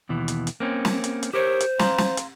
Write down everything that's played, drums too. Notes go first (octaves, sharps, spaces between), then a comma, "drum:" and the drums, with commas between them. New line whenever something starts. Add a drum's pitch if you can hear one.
D#2 B2 E3
drum: hi-hat
drum: hi-hat
A#3 C4 C#4
drum: snare
drum: hi-hat
drum: hi-hat
G4 A#4 C5 C#5
drum: hi-hat
F5 A#5 C6, drum: snare
drum: snare
drum: hi-hat